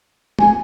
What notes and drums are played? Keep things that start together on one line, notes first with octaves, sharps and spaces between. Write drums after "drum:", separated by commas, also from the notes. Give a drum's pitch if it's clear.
G#5, drum: tom